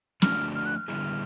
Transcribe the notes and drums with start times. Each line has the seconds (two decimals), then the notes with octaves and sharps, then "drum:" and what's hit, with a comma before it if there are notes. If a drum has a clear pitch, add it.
0.22 D3 F3 A3 D4 F#4 F6, drum: snare
0.55 F6
0.66 F#6
0.76 F6
0.88 D3 G3 B3 E4 G#4